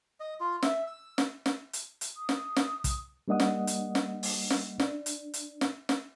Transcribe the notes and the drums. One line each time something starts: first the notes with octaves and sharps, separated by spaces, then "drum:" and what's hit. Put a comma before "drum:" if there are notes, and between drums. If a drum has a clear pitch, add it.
D#5
F4
E5, drum: snare
E6
drum: snare
drum: snare
drum: hi-hat
drum: hi-hat
D#6
drum: snare
drum: snare
drum: kick, hi-hat
G3 A#3 D4 D#5 F#5 D#6
drum: snare
drum: hi-hat
drum: snare
drum: open hi-hat
drum: snare
D4, drum: snare
drum: hi-hat
drum: hi-hat
drum: snare
drum: snare